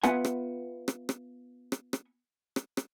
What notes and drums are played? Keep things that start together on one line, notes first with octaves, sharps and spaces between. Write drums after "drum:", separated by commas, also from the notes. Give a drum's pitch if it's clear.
B3 F4 B4 E5 F#5 G#5, drum: rim click
drum: rim click
drum: rim click
drum: rim click
drum: rim click
drum: rim click
drum: rim click
drum: rim click